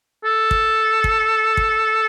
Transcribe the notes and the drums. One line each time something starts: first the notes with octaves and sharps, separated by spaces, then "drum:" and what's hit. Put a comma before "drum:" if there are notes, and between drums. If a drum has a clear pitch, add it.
A4
drum: kick
drum: kick
drum: kick